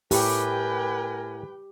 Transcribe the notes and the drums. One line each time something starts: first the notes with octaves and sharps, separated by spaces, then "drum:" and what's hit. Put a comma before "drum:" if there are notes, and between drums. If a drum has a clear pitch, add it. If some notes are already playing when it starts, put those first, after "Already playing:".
A2 G4 A#4 B4 G5 G#5, drum: open hi-hat